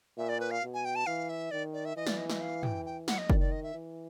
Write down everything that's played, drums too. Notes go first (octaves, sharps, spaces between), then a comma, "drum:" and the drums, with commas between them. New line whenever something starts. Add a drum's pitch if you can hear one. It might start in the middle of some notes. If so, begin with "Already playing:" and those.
A#2 E5
D5
B4
F5
B2
G#5
G5
A5
E3 F5
E5
D#3 D5
D5
E5
E3 D#5
D5, drum: snare
D#5
D#5, drum: snare
F5
G5, drum: tom
G5
F#5, drum: snare
D#5
D#3 D5, drum: kick
D5
D#5
E5
E3